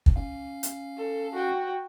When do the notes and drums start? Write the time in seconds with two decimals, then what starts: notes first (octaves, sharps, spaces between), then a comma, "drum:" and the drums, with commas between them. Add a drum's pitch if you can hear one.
0.06 drum: kick
0.16 C#4 F5
0.63 drum: hi-hat
0.97 A4
1.35 F#4 G5